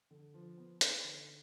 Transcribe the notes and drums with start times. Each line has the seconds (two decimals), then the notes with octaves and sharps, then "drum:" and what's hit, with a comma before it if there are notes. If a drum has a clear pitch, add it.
0.11 D3
0.34 F3
0.58 B3
0.81 D#4, drum: hi-hat
1.04 D3